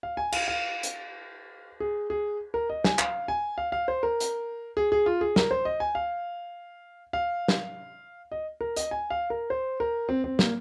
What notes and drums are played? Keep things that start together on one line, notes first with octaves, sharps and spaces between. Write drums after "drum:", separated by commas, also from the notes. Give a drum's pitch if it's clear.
F5
G#5
F5, drum: cymbal
F5
drum: hi-hat
G#4
G#4
A#4
D#5
G#5, drum: snare
F5, drum: clap
G#5
F5
F5
C5
A#4
drum: hi-hat
G#4
G#4
F4
G#4
A#4, drum: snare
C5
D#5
G#5
F5
F5
drum: snare
D#5
A#4
D#5, drum: hi-hat
G#5
F5
A#4
C5
A#4
C4
C4
A#3, drum: snare